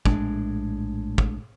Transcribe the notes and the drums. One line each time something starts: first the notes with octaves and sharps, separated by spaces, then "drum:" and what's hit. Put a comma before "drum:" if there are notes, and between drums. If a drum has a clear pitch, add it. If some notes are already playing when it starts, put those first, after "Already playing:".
A#1 A2 G#3 D4, drum: kick
drum: kick